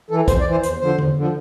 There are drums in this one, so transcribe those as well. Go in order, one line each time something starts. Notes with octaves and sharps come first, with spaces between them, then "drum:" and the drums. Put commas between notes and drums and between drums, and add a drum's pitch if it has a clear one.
E3 A4
F2 C5, drum: kick, hi-hat
D5
E3 C5
E2 C5, drum: hi-hat
D3 F3 C5
E2, drum: tom D3
D3 F3